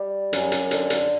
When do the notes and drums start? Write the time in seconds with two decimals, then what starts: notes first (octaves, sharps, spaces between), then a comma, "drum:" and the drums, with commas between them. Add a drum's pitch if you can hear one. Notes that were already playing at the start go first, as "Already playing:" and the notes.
Already playing: G3
0.33 F#2, drum: hi-hat
0.52 drum: hi-hat
0.71 D3, drum: hi-hat
0.90 drum: hi-hat